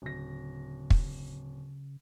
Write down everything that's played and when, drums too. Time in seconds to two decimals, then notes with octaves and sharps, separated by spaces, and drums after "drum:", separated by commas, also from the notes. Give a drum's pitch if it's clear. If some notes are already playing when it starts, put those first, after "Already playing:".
0.02 D1 C#3 A#6
0.90 drum: kick